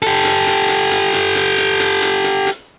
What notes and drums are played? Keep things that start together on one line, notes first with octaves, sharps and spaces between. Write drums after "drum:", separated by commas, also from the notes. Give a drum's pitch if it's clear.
G4 A4, drum: hi-hat
drum: hi-hat
drum: hi-hat
drum: hi-hat
drum: hi-hat
drum: hi-hat
drum: hi-hat
drum: hi-hat
drum: hi-hat
drum: hi-hat
drum: hi-hat
drum: hi-hat